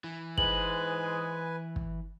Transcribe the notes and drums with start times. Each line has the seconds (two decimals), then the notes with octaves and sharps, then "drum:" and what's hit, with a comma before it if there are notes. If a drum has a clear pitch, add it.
0.04 E3
0.38 G#2 G#3 B4 G#5 F#7, drum: kick
1.76 drum: kick